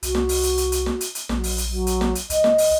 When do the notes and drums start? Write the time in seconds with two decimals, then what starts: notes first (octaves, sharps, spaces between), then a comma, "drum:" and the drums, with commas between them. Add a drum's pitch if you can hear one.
0.03 C2 F#4, drum: hi-hat
0.15 drum: snare
0.29 drum: open hi-hat
0.43 drum: hi-hat
0.58 drum: hi-hat
0.72 drum: hi-hat
0.86 drum: snare
1.01 drum: hi-hat
1.15 drum: hi-hat
1.29 A#1 F#3, drum: snare
1.44 drum: open hi-hat
1.58 drum: hi-hat
1.68 F#3
1.87 drum: hi-hat
2.01 drum: snare
2.15 drum: hi-hat
2.30 C#2 D#5, drum: hi-hat
2.44 drum: snare
2.58 drum: open hi-hat